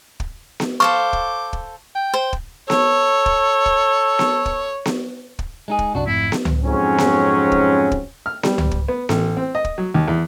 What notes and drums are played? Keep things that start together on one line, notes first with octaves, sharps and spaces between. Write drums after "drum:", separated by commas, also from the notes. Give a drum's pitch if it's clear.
drum: kick
drum: snare B3
A4 C5 F5 C#6 D6
drum: kick
drum: kick
G5
C5
drum: kick
A4 C#5, drum: snare B3
drum: kick
drum: kick
drum: snare B3
drum: kick
drum: snare B3
drum: kick
G#3 D#4 G#4
drum: kick
C2 F#2 C3 D4 F#4
F1 F2 G#2 A3 E4
drum: snare B3
drum: tom C#2
F2 G#2 F#3 C4 C#4
drum: snare B3
drum: kick
drum: kick
F6
G3, drum: snare B3
drum: tom C#2
drum: kick
B3
A1, drum: snare B3
C4
D#5
drum: kick
F#3
D#2
E2